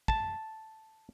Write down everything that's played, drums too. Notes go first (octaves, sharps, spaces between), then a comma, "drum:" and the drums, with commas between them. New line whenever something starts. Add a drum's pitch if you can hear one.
A5, drum: kick